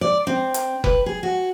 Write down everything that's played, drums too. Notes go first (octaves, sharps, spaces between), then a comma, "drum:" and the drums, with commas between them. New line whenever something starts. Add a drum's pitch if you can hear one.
D5
C4
drum: hi-hat
B4, drum: kick F1
G#4
F#4